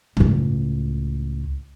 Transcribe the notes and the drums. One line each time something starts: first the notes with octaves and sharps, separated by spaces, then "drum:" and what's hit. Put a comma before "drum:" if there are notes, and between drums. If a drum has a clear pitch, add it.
C#2 A2, drum: tom G2